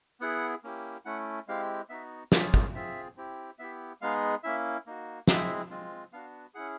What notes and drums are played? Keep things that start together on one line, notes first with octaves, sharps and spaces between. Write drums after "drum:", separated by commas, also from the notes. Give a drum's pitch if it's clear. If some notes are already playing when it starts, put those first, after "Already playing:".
B3 E4 G#4 F#5
A#3 C#4 E4 G4
A3 C#4 E4 F#5
G#3 C4 E4 G4 F5
B3 D#4 F#4 E5
A#3 C#4 F4 G#4 E5, drum: snare
drum: kick
C4 F4 G#4 E5
C4 E4 G4
B3 E4 G4 E5
G#3 B3 D#4 G#4 F5
A#3 C#4 E4 E5
A#3 D#4 F#4
G#3 C4 E4 G#4 E5, drum: snare
G#3 C4 F4
B3 D4 F#4 F5
C#4 E4 G#4 F#5